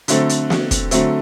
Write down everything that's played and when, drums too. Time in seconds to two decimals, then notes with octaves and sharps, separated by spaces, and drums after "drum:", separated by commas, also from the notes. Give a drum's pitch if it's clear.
0.08 D3 F#3 A3 C4, drum: hi-hat
0.29 drum: hi-hat
0.50 drum: snare
0.71 drum: kick, hi-hat
0.91 D3 F#3 A3 C4, drum: hi-hat